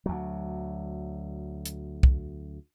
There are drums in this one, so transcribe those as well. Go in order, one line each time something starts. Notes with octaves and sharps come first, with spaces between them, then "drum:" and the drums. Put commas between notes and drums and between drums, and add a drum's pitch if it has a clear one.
D2 F#3
drum: hi-hat
drum: kick